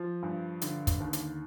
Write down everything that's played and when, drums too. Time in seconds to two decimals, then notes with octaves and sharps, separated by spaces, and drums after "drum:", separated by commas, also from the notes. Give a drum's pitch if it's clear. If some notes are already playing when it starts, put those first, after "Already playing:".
Already playing: F3
0.23 G2
0.62 D3, drum: hi-hat
0.87 drum: kick, hi-hat
1.00 D#2
1.13 drum: hi-hat